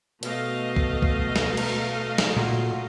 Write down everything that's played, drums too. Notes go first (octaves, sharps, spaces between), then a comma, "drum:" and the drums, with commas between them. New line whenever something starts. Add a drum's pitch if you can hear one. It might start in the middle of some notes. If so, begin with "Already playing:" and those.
B2 A3 D#5 F5, drum: hi-hat
drum: kick B1
drum: kick B1
drum: snare
drum: cymbal
drum: snare
A#2 F#4